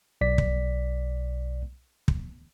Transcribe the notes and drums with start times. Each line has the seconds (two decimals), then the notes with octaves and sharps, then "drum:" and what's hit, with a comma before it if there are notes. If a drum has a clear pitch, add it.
0.21 B1 D5 B6
0.38 drum: kick
2.08 drum: kick